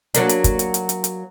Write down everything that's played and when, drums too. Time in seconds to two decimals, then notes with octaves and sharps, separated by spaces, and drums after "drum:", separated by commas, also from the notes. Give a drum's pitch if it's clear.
0.14 F#3 A#3 D4, drum: hi-hat
0.29 drum: hi-hat
0.44 drum: kick, hi-hat
0.59 drum: hi-hat
0.74 drum: hi-hat
0.89 drum: hi-hat
1.04 drum: hi-hat